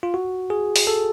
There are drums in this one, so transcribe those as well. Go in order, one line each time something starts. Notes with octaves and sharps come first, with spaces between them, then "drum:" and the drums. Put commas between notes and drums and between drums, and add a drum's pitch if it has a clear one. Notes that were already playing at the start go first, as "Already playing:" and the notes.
F4
F#4
G#4
drum: open hi-hat
A4